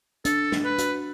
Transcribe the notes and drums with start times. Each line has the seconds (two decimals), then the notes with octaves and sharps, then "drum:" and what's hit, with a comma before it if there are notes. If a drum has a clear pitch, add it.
0.25 D4 A4, drum: hi-hat
0.52 D4, drum: snare
0.65 B4
0.78 F#4, drum: hi-hat